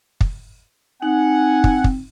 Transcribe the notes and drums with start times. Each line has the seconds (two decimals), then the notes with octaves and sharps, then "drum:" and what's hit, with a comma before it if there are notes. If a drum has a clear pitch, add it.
0.21 drum: kick
1.02 C4 D#4 F#5 G#5
1.64 drum: kick
1.84 drum: kick